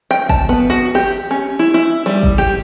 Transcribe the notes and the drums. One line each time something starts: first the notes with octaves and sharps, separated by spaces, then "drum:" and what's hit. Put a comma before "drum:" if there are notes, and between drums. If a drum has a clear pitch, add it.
G5
A5, drum: kick
B3
F#4
G4
C#4
E4
E4
G3
drum: kick
G4